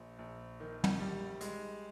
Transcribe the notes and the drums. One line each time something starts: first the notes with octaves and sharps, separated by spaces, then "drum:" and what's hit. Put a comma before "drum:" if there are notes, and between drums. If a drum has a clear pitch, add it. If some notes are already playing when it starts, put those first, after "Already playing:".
Already playing: A#1
A#1
D#3
drum: tom
G3
G#3, drum: hi-hat